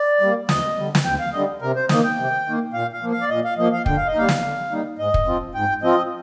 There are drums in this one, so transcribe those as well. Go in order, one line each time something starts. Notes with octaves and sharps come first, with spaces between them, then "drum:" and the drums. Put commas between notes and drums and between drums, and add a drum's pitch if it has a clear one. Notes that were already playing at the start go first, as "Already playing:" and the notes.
Already playing: D5
G3 A#3
D2 D#5, drum: snare
D3 G3
drum: snare
D2 G5
F5
D3 G3 D#5
C3 A#4
C5
D#3 A#3 D#5, drum: snare
G5
C3
D#3 A#3
A#2 F5
F5
F3 A#3
F5
D5
A#2 D#5
F5
F3 A#3 D#5
F5
D3 G5, drum: kick
F5
D#5
G3 A#3 D#4 F5
drum: snare
D3
G3 A#3 D#4
G#2 D#5
drum: kick
F3 C4 F4
G#2 G5
F3 C4 F4 D#5